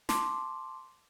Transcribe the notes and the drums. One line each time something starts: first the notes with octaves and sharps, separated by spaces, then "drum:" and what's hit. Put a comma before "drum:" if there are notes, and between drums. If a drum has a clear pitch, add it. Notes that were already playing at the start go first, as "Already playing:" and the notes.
A5 C6 D6, drum: snare